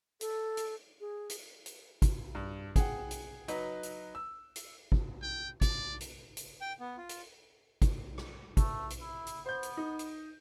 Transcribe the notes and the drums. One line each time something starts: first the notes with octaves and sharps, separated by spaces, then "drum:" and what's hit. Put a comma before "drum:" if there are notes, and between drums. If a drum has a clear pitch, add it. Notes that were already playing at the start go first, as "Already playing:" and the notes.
A4, drum: hi-hat
drum: hi-hat
G#4
drum: hi-hat
drum: hi-hat
drum: kick, hi-hat
G2
G#4 F#5 G5, drum: kick, hi-hat
drum: hi-hat
F#3 D#4 B4, drum: hi-hat
drum: hi-hat
E6
drum: hi-hat
drum: kick
G5
D5, drum: kick, hi-hat
drum: hi-hat
drum: hi-hat
G5
B3
F4
drum: hi-hat
drum: kick, hi-hat
drum: rim click
A3, drum: kick, hi-hat
drum: hi-hat
E4
drum: hi-hat
B3 C5 G6
drum: hi-hat
D#4
drum: hi-hat